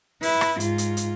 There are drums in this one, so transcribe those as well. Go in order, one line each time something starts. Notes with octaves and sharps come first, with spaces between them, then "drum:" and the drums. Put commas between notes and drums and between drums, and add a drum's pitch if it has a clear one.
E4 B4, drum: open hi-hat
drum: rim click
G#2 F4, drum: hi-hat
drum: hi-hat
drum: hi-hat